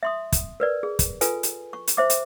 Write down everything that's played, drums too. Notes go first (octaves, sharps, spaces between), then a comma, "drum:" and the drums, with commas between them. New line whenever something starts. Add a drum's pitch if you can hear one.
E5 C6 D#6
drum: kick, hi-hat
A#4 B4 D5
G#4
drum: kick, hi-hat
F4 A4 B4 G#5, drum: hi-hat
drum: hi-hat
C#6
drum: hi-hat
C5 E5 D6
drum: hi-hat